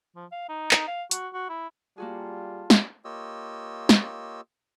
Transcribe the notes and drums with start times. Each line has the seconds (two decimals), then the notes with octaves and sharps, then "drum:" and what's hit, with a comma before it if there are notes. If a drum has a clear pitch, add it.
0.16 F3
0.32 F5
0.49 D#4
0.71 D#4, drum: clap
0.88 F5
1.11 F#4, drum: hi-hat
1.33 F#4
1.49 E4
1.98 G3 A#3 F4 F#4 G#4 A5
2.70 drum: snare
3.05 A#3 F4 G4 C#5 D#5 E6
3.89 drum: snare